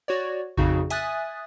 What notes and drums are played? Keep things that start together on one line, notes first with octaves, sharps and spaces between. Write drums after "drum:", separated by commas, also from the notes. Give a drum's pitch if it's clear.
F#4 C#5 D5
F2 C#3 D#4 F#4, drum: kick A1
E5 G#5 D#6 F#6 A6, drum: hi-hat